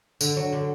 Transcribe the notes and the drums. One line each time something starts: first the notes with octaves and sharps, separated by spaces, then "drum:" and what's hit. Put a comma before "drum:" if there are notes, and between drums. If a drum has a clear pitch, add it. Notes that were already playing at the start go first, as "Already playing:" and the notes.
D3, drum: tambourine
F#3
D3